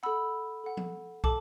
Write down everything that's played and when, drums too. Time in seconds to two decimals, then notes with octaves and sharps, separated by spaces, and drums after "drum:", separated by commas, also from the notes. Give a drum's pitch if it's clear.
0.03 A4 F#5 B5 E6
0.64 A4 F#5
0.77 drum: tom F3
1.24 A4 A5 D6, drum: kick